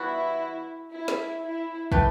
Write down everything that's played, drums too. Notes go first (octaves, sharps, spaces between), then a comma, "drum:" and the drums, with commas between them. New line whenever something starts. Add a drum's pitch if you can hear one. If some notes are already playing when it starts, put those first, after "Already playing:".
Already playing: E3 G3 B3 E4 F#4
E4
drum: snare
E4
A3 E4 G4 B4, drum: kick